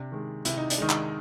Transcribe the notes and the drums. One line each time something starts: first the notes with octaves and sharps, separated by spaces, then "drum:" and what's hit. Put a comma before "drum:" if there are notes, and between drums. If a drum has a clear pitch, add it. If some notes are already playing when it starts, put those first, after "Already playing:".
Already playing: C3 D4
D#3 G#3
C3 E4, drum: hi-hat
D#4
D4, drum: hi-hat
D#3 G#3 D#4
drum: clap